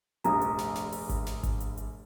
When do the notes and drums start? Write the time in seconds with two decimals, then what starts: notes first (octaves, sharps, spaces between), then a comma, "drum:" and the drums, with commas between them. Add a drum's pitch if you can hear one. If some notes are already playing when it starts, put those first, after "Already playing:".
0.24 F1 A#1 G2 A#5 D#6, drum: hi-hat
0.41 drum: hi-hat
0.58 drum: snare
0.75 drum: snare
0.92 drum: open hi-hat
1.09 drum: kick G#1, hi-hat
1.26 drum: snare
1.43 drum: kick G#1, hi-hat
1.60 drum: hi-hat
1.77 drum: hi-hat